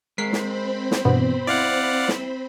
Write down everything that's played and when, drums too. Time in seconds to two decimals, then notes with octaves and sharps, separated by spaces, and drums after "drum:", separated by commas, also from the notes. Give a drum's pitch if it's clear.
0.18 G#3 C4 A#4 C5 B5 B6 C7
0.33 drum: snare
0.91 drum: snare
1.05 E2 G2 B2 B3
1.47 E4 D5 F5 F#5
2.08 drum: snare